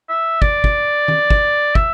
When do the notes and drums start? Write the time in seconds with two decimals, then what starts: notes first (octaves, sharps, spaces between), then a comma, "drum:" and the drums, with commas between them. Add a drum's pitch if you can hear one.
0.09 E5
0.42 D5, drum: kick
0.64 drum: kick
1.08 drum: tom
1.30 drum: kick
1.75 E5, drum: kick